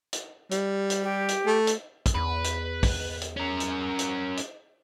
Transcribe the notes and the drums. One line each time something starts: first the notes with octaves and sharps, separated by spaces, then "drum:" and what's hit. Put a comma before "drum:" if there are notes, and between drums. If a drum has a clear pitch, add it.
drum: hi-hat
G3, drum: hi-hat
drum: hi-hat
G4
drum: hi-hat
A3
drum: hi-hat
drum: kick, hi-hat
E2 B4
drum: hi-hat
drum: kick, open hi-hat
drum: hi-hat
C#4 A#4
drum: hi-hat
drum: hi-hat
drum: hi-hat